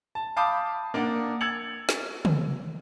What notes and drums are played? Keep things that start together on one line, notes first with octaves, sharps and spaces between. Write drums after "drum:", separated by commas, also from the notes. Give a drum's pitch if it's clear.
A5
F5 A5 B5 D6 D#6 G6
A#3 D4 D5 F#5
E6 G#6 A6 C#7 F7 F#7
drum: snare
drum: tom